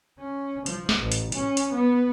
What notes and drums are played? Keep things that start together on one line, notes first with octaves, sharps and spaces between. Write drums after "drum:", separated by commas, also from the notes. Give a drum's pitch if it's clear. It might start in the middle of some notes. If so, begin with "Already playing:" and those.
C#4
F3, drum: hi-hat
drum: snare
A1
drum: hi-hat
C#4, drum: hi-hat
drum: hi-hat
B3